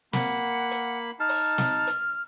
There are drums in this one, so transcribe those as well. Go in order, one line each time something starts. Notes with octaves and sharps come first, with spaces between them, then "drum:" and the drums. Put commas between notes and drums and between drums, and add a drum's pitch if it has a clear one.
A#3 F#5 B5, drum: snare
drum: hi-hat
D#4 A5 F6
drum: open hi-hat
drum: snare
drum: hi-hat